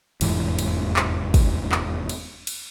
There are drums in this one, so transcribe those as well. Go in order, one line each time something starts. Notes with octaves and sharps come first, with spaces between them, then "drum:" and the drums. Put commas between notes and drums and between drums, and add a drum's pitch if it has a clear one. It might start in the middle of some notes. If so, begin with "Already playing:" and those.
F1 E2 G#2 E3, drum: cymbal
drum: cymbal
drum: clap
drum: kick, cymbal
drum: clap
drum: cymbal
drum: cymbal